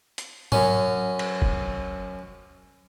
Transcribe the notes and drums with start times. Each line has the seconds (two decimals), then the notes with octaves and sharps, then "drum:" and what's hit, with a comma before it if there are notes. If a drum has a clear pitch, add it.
0.18 drum: hi-hat
0.52 F#2 C#4, drum: tom G#2
1.19 drum: cymbal
1.42 drum: kick F#1